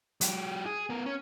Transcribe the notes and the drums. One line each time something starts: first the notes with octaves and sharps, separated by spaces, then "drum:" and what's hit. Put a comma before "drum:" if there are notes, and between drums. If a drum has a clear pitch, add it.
F#3 G4, drum: hi-hat
G#4
B3 A#4
C#4